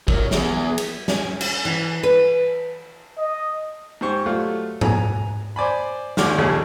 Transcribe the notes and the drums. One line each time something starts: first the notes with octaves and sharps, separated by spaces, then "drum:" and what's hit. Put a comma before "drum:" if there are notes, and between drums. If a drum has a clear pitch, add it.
G3 A#4 C#5, drum: kick
E3 B3 G#4, drum: snare
drum: cymbal
C#4, drum: snare
drum: cymbal
E3
B4
D#5
G#2 G4 C5 C#6
F#3 G3 A3 F4
G#5 A#5, drum: tom G#2
C5 D5 G#5 B5
G#1 D#2 D3 C#4 D6 F6, drum: snare
A#1 D#2 C#3 G3 G#4 A4